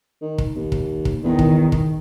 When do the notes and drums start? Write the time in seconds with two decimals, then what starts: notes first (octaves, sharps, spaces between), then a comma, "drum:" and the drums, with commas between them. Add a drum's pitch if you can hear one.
0.22 D#3
0.38 drum: kick
0.56 D#2
0.72 drum: kick
1.05 drum: kick
1.24 E2 D#3
1.39 drum: kick
1.72 drum: kick